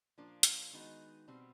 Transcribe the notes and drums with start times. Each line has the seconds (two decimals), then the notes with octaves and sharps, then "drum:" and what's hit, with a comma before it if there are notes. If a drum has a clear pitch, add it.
0.18 A#2 F3 A#3 D4
0.43 drum: hi-hat
0.73 D#3 G#3 B3 D#4 F#4
1.28 B2 G3 C4